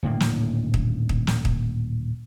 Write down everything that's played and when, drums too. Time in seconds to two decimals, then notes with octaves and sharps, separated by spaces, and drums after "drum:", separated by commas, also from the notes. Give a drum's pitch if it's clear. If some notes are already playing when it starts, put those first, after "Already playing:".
0.03 D#1 A2 D3 A#3
0.20 drum: snare
0.74 drum: kick
1.09 drum: kick
1.27 drum: snare
1.45 drum: kick